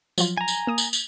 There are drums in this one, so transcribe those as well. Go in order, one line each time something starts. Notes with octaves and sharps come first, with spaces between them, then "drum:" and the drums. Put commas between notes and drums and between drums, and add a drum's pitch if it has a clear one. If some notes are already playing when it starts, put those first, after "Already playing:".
F3 F#3 F4, drum: tambourine
G#5 A#5
drum: tambourine
A#3 D#6
drum: tambourine
drum: tambourine